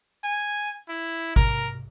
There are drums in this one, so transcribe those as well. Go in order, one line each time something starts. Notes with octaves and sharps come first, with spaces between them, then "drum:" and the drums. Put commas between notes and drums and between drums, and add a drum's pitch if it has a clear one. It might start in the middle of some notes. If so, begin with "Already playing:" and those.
G#5
E4
A#4, drum: kick G#1